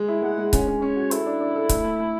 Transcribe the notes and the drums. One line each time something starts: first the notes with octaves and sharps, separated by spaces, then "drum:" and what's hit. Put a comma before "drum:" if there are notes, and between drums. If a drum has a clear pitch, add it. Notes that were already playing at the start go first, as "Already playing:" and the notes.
Already playing: G#3
E4
G#3 F#5
G#3
C#4, drum: kick C#1, hi-hat
C#4
C#4 C#5
F#4
E4 A4, drum: hi-hat
D4
D4
A4
A3, drum: kick C#1, hi-hat
A3
A3